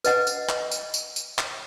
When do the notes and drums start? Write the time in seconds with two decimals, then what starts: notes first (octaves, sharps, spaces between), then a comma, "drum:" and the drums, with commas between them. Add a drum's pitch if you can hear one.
0.04 B4 D#5 F#5, drum: tambourine
0.27 drum: tambourine
0.49 drum: clap
0.71 drum: tambourine
0.94 drum: tambourine
1.16 drum: tambourine
1.38 drum: clap